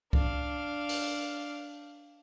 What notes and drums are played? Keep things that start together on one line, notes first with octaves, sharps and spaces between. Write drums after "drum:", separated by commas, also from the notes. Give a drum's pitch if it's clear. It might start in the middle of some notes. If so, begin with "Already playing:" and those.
D4 F5, drum: kick C2
drum: open hi-hat